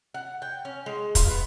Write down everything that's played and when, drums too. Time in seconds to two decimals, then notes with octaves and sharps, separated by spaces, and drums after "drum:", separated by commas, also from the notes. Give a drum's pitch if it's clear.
0.14 F#5
0.42 G5
0.65 C#4
0.86 G#3
1.15 F4, drum: kick, hi-hat
1.28 B3